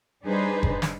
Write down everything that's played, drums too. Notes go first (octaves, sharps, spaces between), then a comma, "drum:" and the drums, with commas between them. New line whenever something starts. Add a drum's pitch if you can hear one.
G3 D4 D#4 G#4 B4 C5
drum: kick F#1
drum: snare